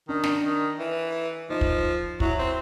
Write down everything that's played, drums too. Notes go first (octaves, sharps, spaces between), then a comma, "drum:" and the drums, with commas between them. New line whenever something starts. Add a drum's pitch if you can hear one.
D#3 D4
D4, drum: snare
D#3
E3
F3 D#4
drum: kick
F#3 E4, drum: kick
C4